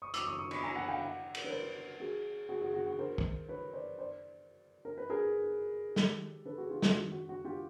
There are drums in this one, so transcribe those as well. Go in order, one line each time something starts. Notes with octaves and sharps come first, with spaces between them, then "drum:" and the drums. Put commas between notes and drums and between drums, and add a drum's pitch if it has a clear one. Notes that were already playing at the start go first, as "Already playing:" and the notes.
C#6 D#6
D6 E6, drum: hi-hat
C#6 D#6
C#6 D#6
B5 C#6, drum: cymbal
G#5 A#5
F#5 G#5
F5 G5
E5 F#5
drum: cymbal
B4
A#4 C5
F#4 G#4
F#4 G#4
F#4 G#4
F#4
F#4
A#4 C5
drum: kick
B4 C#5
C5 D5
C5 D5
A#4
B4
G#4 A#4
G4 A4, drum: snare
A4 B4
F#4 G#4
F4 G4
F4, drum: snare
F#4
F#4
F#4
F4 G4